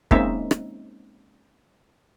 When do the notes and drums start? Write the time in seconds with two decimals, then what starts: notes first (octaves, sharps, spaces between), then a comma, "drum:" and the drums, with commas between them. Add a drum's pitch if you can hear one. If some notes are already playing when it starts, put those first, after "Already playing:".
0.11 G#3 A#3 C4 C#4 D#4 E5, drum: kick
0.51 drum: rim click